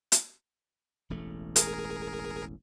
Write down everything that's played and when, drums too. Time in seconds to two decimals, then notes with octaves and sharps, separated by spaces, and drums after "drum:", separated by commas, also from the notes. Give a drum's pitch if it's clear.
0.12 drum: hi-hat
1.10 E1 A1 A3
1.56 G#4 A#4, drum: hi-hat